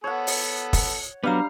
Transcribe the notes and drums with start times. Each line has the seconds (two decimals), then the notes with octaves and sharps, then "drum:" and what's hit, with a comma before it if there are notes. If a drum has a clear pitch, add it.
0.04 B3 A4 C#5 F#5
0.27 drum: open hi-hat
0.73 drum: kick, open hi-hat
1.24 F#3 G3 B3 D4 F5 A#5